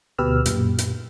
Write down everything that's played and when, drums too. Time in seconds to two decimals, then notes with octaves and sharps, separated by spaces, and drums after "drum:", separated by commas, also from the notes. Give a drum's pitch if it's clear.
0.18 D2 B2 G4 B4 E6 F6
0.46 F#2 A#2, drum: hi-hat
0.78 drum: hi-hat